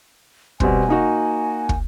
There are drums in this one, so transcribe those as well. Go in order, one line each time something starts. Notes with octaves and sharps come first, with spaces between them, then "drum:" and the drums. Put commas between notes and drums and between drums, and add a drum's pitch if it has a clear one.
B2 G3 C4 G#5, drum: kick
A#3 D#4 F#4
drum: kick